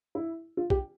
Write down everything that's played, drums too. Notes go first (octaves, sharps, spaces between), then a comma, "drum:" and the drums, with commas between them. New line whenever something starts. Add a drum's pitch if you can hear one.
E4
F4
G4, drum: kick